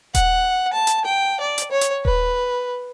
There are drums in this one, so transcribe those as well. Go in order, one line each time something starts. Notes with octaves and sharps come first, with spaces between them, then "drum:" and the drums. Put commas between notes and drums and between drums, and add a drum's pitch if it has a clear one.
F#5, drum: kick D#1, hi-hat
A5
drum: hi-hat
G5
D5
drum: hi-hat
C#5
drum: hi-hat
B4, drum: kick D#1